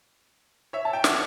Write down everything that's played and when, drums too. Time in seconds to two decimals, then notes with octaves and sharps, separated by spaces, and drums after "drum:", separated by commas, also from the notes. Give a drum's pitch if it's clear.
0.73 C#5 E5
0.85 A5
0.93 E5 G5
1.04 D5 F#5, drum: snare